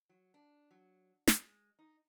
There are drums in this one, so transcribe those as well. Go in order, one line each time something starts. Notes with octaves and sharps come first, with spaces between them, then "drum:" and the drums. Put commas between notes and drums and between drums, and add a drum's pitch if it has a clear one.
F#3
D4
F#3
G#3, drum: snare
D#4